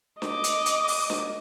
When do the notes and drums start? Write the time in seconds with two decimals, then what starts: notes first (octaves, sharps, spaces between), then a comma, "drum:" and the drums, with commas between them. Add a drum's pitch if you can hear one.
0.22 D#5 D6, drum: snare D4
0.44 drum: hi-hat
0.66 drum: hi-hat
0.88 drum: open hi-hat
1.10 drum: snare D4